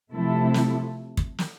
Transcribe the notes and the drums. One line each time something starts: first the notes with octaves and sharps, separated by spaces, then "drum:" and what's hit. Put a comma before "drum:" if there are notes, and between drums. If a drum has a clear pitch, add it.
C3 F3 A3 E4 A4
drum: snare
drum: kick
drum: snare